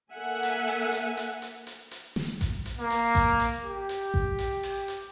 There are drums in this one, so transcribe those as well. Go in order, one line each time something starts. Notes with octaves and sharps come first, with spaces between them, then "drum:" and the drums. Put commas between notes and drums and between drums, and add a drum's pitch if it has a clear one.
A#3 A4 E5 F#5 G#5
drum: hi-hat
drum: open hi-hat
drum: hi-hat
drum: hi-hat
drum: hi-hat
drum: hi-hat
drum: hi-hat
drum: snare
drum: kick A1, hi-hat
drum: hi-hat
A#3
drum: hi-hat
drum: kick A1, hi-hat
drum: hi-hat
G4
drum: hi-hat
drum: kick A1
drum: hi-hat
drum: open hi-hat
drum: hi-hat